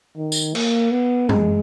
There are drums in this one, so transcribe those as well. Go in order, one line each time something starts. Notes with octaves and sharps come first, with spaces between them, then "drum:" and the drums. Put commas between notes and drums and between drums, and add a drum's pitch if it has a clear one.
D#3
drum: tambourine
A#3, drum: cymbal
B3
G#3, drum: tom